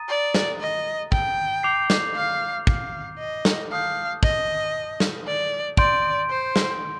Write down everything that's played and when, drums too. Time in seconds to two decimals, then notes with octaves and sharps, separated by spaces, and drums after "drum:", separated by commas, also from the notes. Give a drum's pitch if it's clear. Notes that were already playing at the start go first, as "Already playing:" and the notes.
Already playing: A#5 D#6 A6 D#7
0.08 D5
0.34 drum: snare
0.60 D#5
1.12 G5, drum: kick
1.63 D6 G6 C7 F7
1.90 drum: snare
2.15 F5
2.67 F5, drum: kick
3.19 D#5
3.45 drum: snare
3.71 F5 A5 D#6 G6
4.23 D#5, drum: kick
5.00 drum: snare
5.26 D5
5.77 D5 C6 G6 D7, drum: kick
6.30 C5
6.56 drum: snare